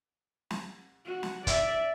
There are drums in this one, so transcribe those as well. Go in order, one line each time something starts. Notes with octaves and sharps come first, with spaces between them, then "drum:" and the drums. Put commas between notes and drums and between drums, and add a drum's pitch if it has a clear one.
drum: snare
F#4
drum: snare
D5 E5, drum: kick, hi-hat